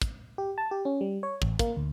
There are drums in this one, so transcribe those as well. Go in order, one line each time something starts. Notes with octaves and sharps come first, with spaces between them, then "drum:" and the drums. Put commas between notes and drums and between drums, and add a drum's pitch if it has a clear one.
drum: kick, hi-hat
G4
A5
G4
C#4
G3
C#5
A1, drum: kick
A#3, drum: kick, hi-hat
D2